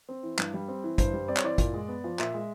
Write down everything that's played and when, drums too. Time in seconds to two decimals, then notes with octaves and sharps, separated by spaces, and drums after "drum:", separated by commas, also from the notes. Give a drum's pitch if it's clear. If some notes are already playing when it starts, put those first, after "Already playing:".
0.09 C4
0.23 E3
0.38 G2, drum: clap
0.54 G3
0.68 C4
0.84 E3
0.98 G2 C5, drum: kick, hi-hat
1.13 G3
1.28 C4 D5
1.37 C#5, drum: clap
1.43 E3 D5
1.58 A#2, drum: kick, hi-hat
1.74 G#3
1.88 B3
2.04 F3
2.19 A#2 E5, drum: clap
2.34 G#3